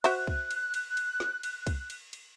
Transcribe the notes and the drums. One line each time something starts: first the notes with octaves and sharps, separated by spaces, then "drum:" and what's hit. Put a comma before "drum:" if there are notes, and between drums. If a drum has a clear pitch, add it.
F#4 C5 E5 F#6, drum: cymbal
drum: kick
drum: cymbal
drum: cymbal
drum: cymbal
drum: snare
drum: cymbal
drum: kick, cymbal
drum: cymbal
drum: cymbal